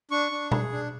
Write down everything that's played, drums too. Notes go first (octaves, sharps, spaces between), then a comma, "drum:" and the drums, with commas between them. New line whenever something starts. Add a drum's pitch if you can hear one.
D4 C#6
D4
G#4, drum: tom B2
D4